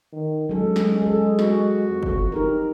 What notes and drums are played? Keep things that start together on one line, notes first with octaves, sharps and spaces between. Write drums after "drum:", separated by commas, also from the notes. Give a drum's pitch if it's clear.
D#3
F#3 G#3 C#4 A4
drum: snare
G#4 A4
F#4, drum: snare
F2
drum: kick
D#4 G4 A#4